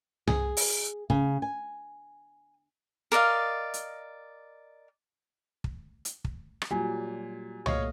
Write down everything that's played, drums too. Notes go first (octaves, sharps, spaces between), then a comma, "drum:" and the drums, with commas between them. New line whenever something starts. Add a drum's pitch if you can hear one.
G#4, drum: tom C2
drum: open hi-hat
C#3, drum: kick
G#5
A#4 D5 D#5 F5
drum: hi-hat
drum: kick
drum: hi-hat
drum: kick
drum: rim click
A#2 F#3 G3 G#5
A#2 A3 C#5 D#5 F5, drum: tom C2